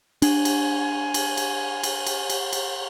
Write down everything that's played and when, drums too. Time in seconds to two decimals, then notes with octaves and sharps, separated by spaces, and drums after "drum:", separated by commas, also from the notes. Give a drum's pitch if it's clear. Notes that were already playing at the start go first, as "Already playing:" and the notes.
0.22 D4 G#5, drum: cymbal
0.45 drum: cymbal
1.14 drum: cymbal
1.37 drum: cymbal
1.83 drum: cymbal
2.07 drum: cymbal
2.30 drum: cymbal
2.53 drum: cymbal